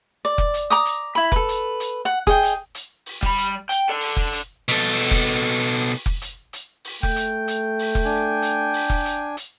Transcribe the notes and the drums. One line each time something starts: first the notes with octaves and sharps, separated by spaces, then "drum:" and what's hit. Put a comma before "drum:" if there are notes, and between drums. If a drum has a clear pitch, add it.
D5
drum: kick F1
drum: hi-hat
A#5 D6 D#6
drum: hi-hat
E4 B5
A4 B4, drum: kick F1
drum: hi-hat
drum: hi-hat
F#5
G#4 D#5 G5, drum: kick F1
drum: hi-hat
drum: hi-hat
drum: open hi-hat
G3 B5, drum: kick F1
drum: hi-hat
G5, drum: hi-hat
A4 D5
drum: open hi-hat
drum: kick F1
drum: hi-hat
B2 A4
drum: open hi-hat
drum: kick F1
drum: hi-hat
drum: hi-hat
drum: open hi-hat
drum: kick F1
drum: hi-hat
drum: hi-hat
drum: open hi-hat
A3 G5, drum: kick F1
drum: hi-hat
drum: hi-hat
drum: open hi-hat
drum: kick F1
D4 G#5
drum: hi-hat
drum: open hi-hat
drum: kick F1
drum: hi-hat
drum: hi-hat